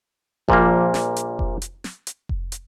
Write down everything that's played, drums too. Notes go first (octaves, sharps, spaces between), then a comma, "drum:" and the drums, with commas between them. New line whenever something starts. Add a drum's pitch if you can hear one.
A#1 A#2 F3 G3 A#3, drum: kick F1
drum: snare
drum: hi-hat
drum: kick F1
drum: hi-hat
drum: snare
drum: hi-hat
drum: kick F1
drum: hi-hat